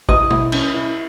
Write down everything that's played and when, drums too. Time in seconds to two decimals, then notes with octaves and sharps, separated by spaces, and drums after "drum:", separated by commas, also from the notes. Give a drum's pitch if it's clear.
0.09 E4 D#5, drum: kick
0.30 E4, drum: tom B2
0.52 C#4, drum: cymbal
0.74 E4